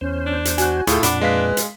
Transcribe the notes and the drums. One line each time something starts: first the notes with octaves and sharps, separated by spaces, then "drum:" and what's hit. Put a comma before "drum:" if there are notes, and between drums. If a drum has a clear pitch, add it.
E2 C#4 C5
D4
drum: hi-hat
F#4 G#5 F#6, drum: hi-hat
D2 A2 F4 G#4 A4 G6, drum: hi-hat
F2 A#2 D4 F#5 B5 D6, drum: hi-hat
G#3 B4 F5 B6
drum: hi-hat